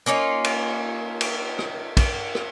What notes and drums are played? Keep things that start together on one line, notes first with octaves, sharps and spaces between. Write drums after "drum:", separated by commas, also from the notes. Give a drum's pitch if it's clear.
A#3 C#4 D#4 F4
drum: cymbal
drum: cymbal
drum: rim click
drum: kick, cymbal
drum: rim click